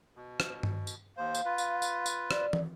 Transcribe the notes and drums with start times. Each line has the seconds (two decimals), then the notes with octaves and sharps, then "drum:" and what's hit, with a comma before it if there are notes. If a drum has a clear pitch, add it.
0.16 B2
0.40 drum: rim click
0.63 drum: tom G2
0.87 drum: tambourine
1.17 D#2 C5 F5
1.35 drum: tambourine
1.45 F4 B4
1.58 drum: tambourine
1.82 drum: tambourine
2.06 drum: tambourine
2.31 D5, drum: rim click
2.53 drum: tom